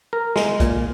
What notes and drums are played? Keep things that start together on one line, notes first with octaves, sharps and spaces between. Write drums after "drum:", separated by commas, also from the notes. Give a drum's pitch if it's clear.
A#4
G#3, drum: snare
A#2, drum: kick A#1, hi-hat